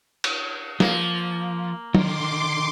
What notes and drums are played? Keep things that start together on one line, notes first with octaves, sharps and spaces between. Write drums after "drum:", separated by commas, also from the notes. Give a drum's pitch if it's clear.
drum: cymbal
F3 A#3, drum: snare
D3 D#3 C6 D6, drum: tom